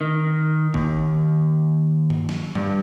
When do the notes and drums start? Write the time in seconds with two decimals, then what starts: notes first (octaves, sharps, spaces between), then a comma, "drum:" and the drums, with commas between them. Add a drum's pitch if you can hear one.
0.01 D#3
0.74 D#2, drum: kick G#1
2.10 drum: tom G2
2.29 drum: snare
2.55 G2, drum: tom G2